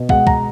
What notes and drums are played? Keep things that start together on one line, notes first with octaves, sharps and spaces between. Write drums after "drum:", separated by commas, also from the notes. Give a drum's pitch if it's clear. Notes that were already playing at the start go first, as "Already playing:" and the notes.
Already playing: B2
G#3 F#5, drum: kick
A#5, drum: kick